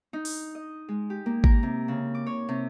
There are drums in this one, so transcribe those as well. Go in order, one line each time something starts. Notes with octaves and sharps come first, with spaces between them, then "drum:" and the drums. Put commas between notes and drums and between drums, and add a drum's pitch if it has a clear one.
D#4
drum: open hi-hat
D#5
G#3
G4
A#3
A#4, drum: kick G#1
C3
C#3
D6
C#5
C3